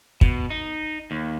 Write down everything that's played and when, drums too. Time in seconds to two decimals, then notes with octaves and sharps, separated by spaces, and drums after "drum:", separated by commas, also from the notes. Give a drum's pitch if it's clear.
0.21 B2, drum: kick
0.50 D#4
1.11 D#2